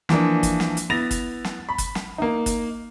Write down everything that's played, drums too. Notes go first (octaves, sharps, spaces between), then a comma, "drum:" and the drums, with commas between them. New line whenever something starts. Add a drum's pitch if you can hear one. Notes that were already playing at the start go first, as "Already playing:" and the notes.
E3 F3 A#3 D4, drum: snare
drum: kick, hi-hat
drum: snare
drum: hi-hat
B3 E4 A6 A#6 F7
drum: kick, hi-hat
drum: snare
B5
drum: kick, hi-hat
drum: snare
A#3 D#4
drum: kick, hi-hat